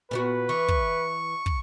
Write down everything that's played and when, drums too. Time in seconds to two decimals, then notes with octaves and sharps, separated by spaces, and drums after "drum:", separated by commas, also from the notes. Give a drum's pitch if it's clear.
0.11 A#2 B3 F#4 B4
0.49 E3 C#6
0.68 drum: kick
1.46 drum: kick